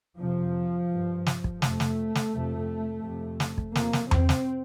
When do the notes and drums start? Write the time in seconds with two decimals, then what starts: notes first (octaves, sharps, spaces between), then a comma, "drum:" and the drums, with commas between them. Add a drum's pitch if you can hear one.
0.20 F2 C3 F3
0.90 G2
1.26 drum: snare
1.44 drum: kick
1.62 F2 C3 A3, drum: snare
1.80 drum: snare
2.15 drum: snare
2.33 F2 C3
3.04 F2 C3
3.40 drum: snare
3.58 drum: kick
3.75 F2 C3 A#3, drum: snare
3.93 drum: snare
4.11 C4, drum: tom E2
4.29 drum: snare